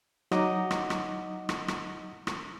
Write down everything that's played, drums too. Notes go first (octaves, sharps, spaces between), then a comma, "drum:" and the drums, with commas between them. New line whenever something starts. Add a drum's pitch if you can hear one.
F#3 D#4 D#5 F#5 A#5 D6, drum: rim click
drum: rim click
drum: rim click
drum: rim click
drum: rim click
drum: rim click